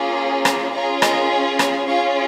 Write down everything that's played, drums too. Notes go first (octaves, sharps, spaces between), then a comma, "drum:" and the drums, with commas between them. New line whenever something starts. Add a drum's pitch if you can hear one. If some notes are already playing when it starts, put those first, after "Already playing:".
Already playing: A#3 C#4 F4 G#4
drum: rim click
C#4 F4 G#4 F5 A#5
A#4 D#5, drum: rim click
C#5
drum: rim click
C#4 F4 G#4 C#5 F5